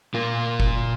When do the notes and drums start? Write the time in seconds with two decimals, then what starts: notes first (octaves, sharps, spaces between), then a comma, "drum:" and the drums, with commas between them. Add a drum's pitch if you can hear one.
0.14 A#2 F4 A#4
0.60 drum: kick F#1